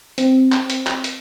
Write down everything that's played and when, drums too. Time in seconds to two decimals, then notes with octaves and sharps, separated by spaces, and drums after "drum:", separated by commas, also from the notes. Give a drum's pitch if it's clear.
0.18 C4, drum: hi-hat
0.52 drum: clap
0.70 drum: hi-hat
0.87 drum: clap
1.04 drum: hi-hat